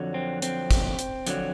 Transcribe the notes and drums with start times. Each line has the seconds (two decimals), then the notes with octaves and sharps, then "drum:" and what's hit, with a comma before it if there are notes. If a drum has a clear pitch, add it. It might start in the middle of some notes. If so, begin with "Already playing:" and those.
Already playing: F2 D3 F#3
0.14 C4
0.42 C4, drum: hi-hat
0.71 drum: kick, hi-hat
0.99 drum: hi-hat
1.27 F2 D3 F#3, drum: hi-hat